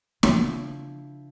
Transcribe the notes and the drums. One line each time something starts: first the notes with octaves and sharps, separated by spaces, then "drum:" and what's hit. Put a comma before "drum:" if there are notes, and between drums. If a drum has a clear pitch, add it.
C#3 F3 D4 E4, drum: snare